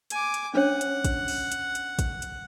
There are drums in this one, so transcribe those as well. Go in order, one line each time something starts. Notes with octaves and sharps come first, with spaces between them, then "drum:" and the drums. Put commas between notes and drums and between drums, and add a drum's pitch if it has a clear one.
G#5 D6, drum: hi-hat
drum: hi-hat
C#4 D4 C#5 F#5
drum: hi-hat
drum: kick, hi-hat
drum: open hi-hat
drum: hi-hat
drum: hi-hat
drum: kick, hi-hat
drum: hi-hat